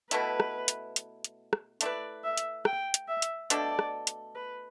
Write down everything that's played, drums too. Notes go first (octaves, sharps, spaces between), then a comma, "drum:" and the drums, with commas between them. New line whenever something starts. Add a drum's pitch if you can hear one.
B2 A3 E4 B4, drum: hi-hat
drum: rim click
drum: hi-hat
drum: hi-hat
drum: hi-hat
drum: rim click
A3 E4 B4 D5, drum: hi-hat
E5
drum: hi-hat
G5, drum: rim click
drum: hi-hat
E5
drum: hi-hat
B2 A3 D4 A4 D5, drum: hi-hat
drum: rim click
drum: hi-hat
B4